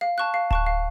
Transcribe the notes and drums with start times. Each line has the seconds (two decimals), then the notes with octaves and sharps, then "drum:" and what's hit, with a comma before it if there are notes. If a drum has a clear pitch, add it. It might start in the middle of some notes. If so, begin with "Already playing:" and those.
0.01 F5
0.18 A5 C#6 F#6
0.34 F5
0.51 A5 C#6 F#6, drum: kick D1
0.66 F5